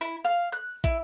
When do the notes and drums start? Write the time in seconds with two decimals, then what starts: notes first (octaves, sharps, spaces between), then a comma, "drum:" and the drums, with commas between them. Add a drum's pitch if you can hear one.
0.01 E4
0.25 F5
0.52 F#6
0.84 E4, drum: kick, hi-hat